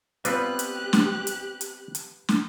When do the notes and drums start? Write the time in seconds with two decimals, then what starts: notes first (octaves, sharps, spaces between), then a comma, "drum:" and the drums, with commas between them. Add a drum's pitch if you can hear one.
0.25 G3 B3 C4 F4 G4 B4 F#6, drum: hi-hat
0.59 drum: hi-hat
0.93 drum: snare
1.27 drum: hi-hat
1.61 drum: hi-hat
1.95 drum: hi-hat
2.29 drum: snare